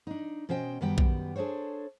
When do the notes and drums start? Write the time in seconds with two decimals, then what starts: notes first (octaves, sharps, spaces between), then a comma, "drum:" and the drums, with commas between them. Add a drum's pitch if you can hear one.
0.07 D4 D#4
0.49 B2 C#4 C5 D#5 G5
0.81 F#2 D#3 G3 B3 G4 G5
0.98 drum: kick A#1
1.36 D4 G#4 A4 C5 C#5